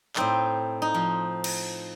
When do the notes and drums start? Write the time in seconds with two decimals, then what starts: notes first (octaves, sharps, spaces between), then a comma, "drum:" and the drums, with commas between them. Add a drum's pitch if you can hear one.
0.16 A2 C4 D#4, drum: clap
0.82 D#4
0.94 F3
1.44 drum: cymbal